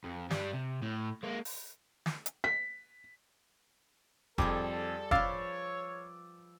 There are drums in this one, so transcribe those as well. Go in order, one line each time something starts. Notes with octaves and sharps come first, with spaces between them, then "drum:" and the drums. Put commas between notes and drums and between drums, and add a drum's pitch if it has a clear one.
F2
G2 G3, drum: snare
C3
A2
G#3 A#3
drum: open hi-hat
drum: snare
drum: hi-hat
B6
F2 G3 F4 G#4 A4 D6, drum: kick F1
F3 B4 C#5 F5 D6 E6 A6, drum: kick F1